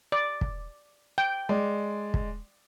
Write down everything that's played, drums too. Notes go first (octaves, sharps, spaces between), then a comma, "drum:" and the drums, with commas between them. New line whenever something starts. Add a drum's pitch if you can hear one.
D5
drum: kick
G5
G#3 D5
drum: kick